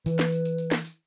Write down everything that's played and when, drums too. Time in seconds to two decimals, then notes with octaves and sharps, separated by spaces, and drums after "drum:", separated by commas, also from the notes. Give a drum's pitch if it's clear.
0.06 E3 B4, drum: tambourine
0.19 drum: snare
0.32 drum: tambourine
0.45 drum: tambourine
0.58 drum: tambourine
0.71 drum: snare
0.85 drum: tambourine